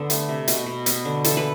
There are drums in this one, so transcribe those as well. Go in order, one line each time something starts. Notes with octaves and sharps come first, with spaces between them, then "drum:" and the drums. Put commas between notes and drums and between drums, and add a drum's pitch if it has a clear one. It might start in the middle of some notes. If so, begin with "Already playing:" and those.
Already playing: D3 B3 A4
A3, drum: hi-hat
C3
B2, drum: hi-hat
B2
B3, drum: hi-hat
D3
E3 A4, drum: hi-hat
B4